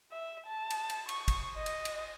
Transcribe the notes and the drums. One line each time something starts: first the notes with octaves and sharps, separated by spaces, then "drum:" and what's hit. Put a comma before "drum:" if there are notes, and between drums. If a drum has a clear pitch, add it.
E5
A5
drum: cymbal
drum: cymbal
C#6, drum: cymbal
drum: kick, cymbal
D#5
drum: cymbal
drum: cymbal